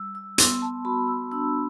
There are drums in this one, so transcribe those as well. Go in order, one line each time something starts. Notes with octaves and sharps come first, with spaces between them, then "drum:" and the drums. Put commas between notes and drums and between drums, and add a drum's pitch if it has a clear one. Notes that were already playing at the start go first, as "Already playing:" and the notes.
Already playing: G3 E6
E6
B3 C6, drum: hi-hat
A5
F#4 B5
E6
D4 E6